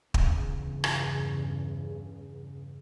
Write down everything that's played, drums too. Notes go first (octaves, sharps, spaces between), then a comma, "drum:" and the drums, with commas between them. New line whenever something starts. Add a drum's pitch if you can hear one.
E2 G2 C#3, drum: kick
drum: rim click